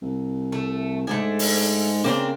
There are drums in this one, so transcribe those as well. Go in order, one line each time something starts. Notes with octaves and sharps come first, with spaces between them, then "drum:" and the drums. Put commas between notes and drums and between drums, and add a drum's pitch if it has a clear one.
C2
A3
G#2 A3 D4 G#4
drum: open hi-hat
C#3 A#3 C4 D4